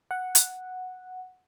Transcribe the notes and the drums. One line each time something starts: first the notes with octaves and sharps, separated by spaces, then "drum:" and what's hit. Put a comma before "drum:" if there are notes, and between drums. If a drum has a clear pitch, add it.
F#5
drum: hi-hat